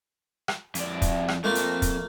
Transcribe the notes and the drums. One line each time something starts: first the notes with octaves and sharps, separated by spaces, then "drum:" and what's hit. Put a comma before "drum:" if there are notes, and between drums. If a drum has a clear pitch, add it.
drum: rim click
F2 D5, drum: hi-hat
drum: kick, hi-hat
drum: rim click
F2 A3 A#3 F4
drum: hi-hat
drum: kick, hi-hat